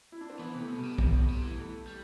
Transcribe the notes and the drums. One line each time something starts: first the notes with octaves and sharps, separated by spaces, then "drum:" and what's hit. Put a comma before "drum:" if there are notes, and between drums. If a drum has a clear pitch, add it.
E4
D4
C4
E3 B3
C3 A3
B2
G3
C3
C3, drum: kick
B2
C3
E3
A3
G3